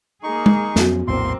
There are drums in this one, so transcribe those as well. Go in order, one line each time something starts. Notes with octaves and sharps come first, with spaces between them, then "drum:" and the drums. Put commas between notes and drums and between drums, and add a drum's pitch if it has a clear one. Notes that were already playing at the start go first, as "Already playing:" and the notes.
A#3 D#4 G#4 C#6
drum: tom G#3
F2 F3 F#3 B3 C#4 F#4, drum: snare
A#1 E2 A2 A#3 C4 C6